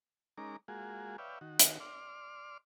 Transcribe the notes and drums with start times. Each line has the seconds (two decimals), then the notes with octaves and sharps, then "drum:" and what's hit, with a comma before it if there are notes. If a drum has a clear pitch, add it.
0.38 G#3 C#4 D#4 A#4 A#5 D6
0.68 G#3 A#3 F4 F#4 G#4
1.18 B4 C#5 D5 E5 F5 G5
1.41 D#3 F#4
1.59 drum: hi-hat
1.80 D5 C6 D6 F6